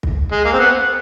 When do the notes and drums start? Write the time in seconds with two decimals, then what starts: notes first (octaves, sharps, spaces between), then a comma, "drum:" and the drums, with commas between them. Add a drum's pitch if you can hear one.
0.03 drum: kick
0.32 G#3
0.45 A#3
0.53 C4
0.59 B3